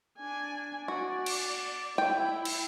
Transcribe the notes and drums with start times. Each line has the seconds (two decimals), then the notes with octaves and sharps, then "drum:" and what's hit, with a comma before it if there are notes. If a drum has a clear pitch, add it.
0.18 D4 G#5
0.88 F#4 D5
1.26 drum: cymbal
1.98 E4 G5
2.45 drum: cymbal